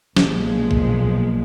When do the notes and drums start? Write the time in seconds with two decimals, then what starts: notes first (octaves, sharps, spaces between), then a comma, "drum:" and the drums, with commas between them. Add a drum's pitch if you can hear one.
0.17 B1 A#2 F3 G#3, drum: snare
0.71 drum: kick A#1